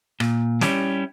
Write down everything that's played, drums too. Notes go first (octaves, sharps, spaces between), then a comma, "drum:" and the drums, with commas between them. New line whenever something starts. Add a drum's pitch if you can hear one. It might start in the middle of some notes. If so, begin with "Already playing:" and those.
A#2, drum: rim click
G3 C#4 E4 G4, drum: snare